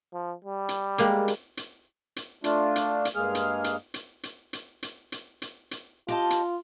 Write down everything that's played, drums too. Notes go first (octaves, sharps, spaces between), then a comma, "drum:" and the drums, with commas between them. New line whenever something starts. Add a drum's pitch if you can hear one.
F3
G3
drum: hi-hat
G#3 A#3 G4, drum: hi-hat
drum: hi-hat
drum: hi-hat
drum: hi-hat
A3 D4 F4, drum: hi-hat
drum: hi-hat
drum: hi-hat
G2 G#3 A#3 G#4 F6
drum: hi-hat
drum: hi-hat
drum: hi-hat
drum: hi-hat
drum: hi-hat
drum: hi-hat
drum: hi-hat
drum: hi-hat
drum: hi-hat
F4 G4 D#5 A5
drum: hi-hat